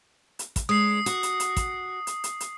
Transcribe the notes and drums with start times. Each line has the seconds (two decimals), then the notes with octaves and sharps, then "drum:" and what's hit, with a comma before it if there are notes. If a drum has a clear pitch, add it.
0.39 drum: hi-hat
0.56 drum: kick, hi-hat
0.69 G#3 C#4 D#6 C7
1.06 F#4, drum: hi-hat
1.23 drum: hi-hat
1.40 drum: hi-hat
1.57 drum: kick, hi-hat
2.07 drum: hi-hat
2.24 drum: hi-hat
2.40 drum: hi-hat